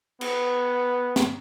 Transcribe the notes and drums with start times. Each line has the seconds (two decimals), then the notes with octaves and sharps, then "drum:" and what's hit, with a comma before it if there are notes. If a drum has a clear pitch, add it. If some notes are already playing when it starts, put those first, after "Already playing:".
0.21 B3, drum: cymbal
1.16 drum: snare